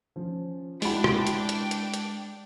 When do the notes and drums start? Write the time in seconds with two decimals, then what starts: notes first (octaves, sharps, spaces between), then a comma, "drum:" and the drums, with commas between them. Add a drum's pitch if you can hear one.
0.16 F3 C#4
0.82 G#3 D4 E4 F#4 G5 B5 D6, drum: open hi-hat
1.04 drum: rim click
1.27 drum: hi-hat
1.49 drum: hi-hat
1.71 drum: hi-hat
1.94 drum: hi-hat